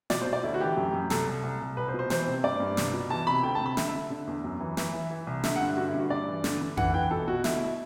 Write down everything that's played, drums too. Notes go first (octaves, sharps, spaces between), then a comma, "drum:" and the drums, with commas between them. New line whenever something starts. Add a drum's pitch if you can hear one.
B2 D5, drum: snare
C5
B2
D5
D2 E4
F#4
E3 G4
F#2
F#2
C2 A4, drum: snare
C2
C2
C2
C2 B4
C5
B2
C5
E3 C5, drum: snare
C3
G2 D5
G2
C2, drum: snare
B2
E3 A5
C3 B5
D2 G5
A5
C3
B5
D3 E5, drum: snare
E5
D3
D3
E2
F#2
E3
E3 E5, drum: snare
E3
E3
C2
D3 E5, drum: snare
F#5
G2
D3 F#4
E4
G2
F#4
G2 D5
E3
D3, drum: snare
D3
E3 F#5, drum: tom F2
E3 G5
B2 A4
B2 F#4
D2 E4, drum: snare